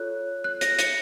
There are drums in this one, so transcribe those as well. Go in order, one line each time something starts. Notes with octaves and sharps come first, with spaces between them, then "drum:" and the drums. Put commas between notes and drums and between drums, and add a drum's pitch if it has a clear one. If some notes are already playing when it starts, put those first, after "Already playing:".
Already playing: F4 A4 C#5 F#6
F#6
A#6, drum: hi-hat
C#7, drum: hi-hat